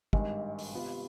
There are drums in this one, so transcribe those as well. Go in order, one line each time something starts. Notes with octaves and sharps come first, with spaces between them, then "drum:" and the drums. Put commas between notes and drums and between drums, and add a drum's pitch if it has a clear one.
G#1 G2 D#3 G#3, drum: kick
drum: open hi-hat
C3 G3 B3 F4